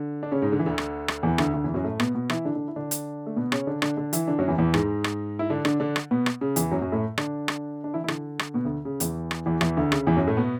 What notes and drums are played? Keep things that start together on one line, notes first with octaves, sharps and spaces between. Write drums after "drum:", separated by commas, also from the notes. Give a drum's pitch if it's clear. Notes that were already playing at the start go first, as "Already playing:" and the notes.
Already playing: D3
D4
C#3 C#4
G#2 G#3
D3
E3
D2 D3
drum: rim click
drum: rim click
E2 E3
D2 D3, drum: rim click
D2 D3
E2 E3
F#2 F#3
A2 A3
B2 B3, drum: rim click
B2 B3
E3 E4, drum: rim click
D3 D4
D3 D4
E4
D3 D4
drum: hi-hat
A3
B2 B3
C#3 C#4, drum: rim click
D3 D4
D3 D4, drum: rim click
D3 D4
E3 E4, drum: hi-hat
D3 D4
F#2 F#3
E2 E3
E2 E3
G#2 G#3, drum: rim click
drum: rim click
E4
D3 D4
D3 D4, drum: rim click
D3 D4
drum: rim click
B2 B3
drum: rim click
C#3
E2 E3, drum: hi-hat
F#2 F#3
F#2 F#3
A2 A3
D3 D4, drum: rim click
drum: rim click
D4
E3 E4
E4
D3 D4, drum: rim click
drum: rim click
B2 B3
D2 D3
C#3
E2 E3, drum: hi-hat
drum: rim click
E2 E3
E2 E3, drum: rim click
D2 D3
C#3, drum: rim click
E2 E3
F#2 F#3
A2 A3
B2 B3